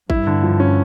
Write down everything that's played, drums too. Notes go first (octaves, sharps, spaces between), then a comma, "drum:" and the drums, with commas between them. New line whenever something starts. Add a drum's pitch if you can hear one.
G2 E4, drum: kick A1
D3
F3
C#4